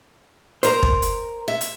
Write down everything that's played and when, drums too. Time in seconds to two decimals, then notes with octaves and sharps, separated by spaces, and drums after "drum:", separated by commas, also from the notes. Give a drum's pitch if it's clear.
0.63 A#4 C5 A#5, drum: hi-hat
0.83 drum: kick
1.02 drum: hi-hat
1.48 E5
1.61 drum: hi-hat